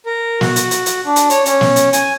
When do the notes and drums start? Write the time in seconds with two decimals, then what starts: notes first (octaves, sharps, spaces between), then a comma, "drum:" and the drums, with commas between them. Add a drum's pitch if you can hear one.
0.06 A#4
0.41 F#4, drum: snare
0.56 drum: hi-hat
0.71 drum: hi-hat
0.86 drum: hi-hat
1.05 D4
1.16 drum: hi-hat
1.30 C#5, drum: hi-hat
1.46 C#4, drum: hi-hat
1.61 drum: snare
1.76 drum: hi-hat
1.93 G#5, drum: hi-hat